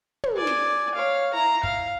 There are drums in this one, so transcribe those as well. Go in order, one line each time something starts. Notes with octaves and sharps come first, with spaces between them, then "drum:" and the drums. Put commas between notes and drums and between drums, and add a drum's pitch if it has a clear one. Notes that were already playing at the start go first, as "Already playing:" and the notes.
drum: tom
D5 G#5
drum: snare
C#5 F5
E4 A#5
F5, drum: kick